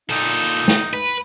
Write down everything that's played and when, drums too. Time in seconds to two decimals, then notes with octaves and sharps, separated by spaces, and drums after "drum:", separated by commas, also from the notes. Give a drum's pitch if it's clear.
0.10 A#2 D#4 A4, drum: open hi-hat
0.68 drum: snare
0.94 B4